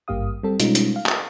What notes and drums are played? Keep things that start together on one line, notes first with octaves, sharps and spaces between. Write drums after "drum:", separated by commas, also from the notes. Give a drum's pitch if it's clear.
G#1 G2 A#3 G4 F5 D#6
G3 C4 A4
B2 G3 G#3 C#4 D#4 F4, drum: hi-hat
drum: hi-hat
F5
drum: clap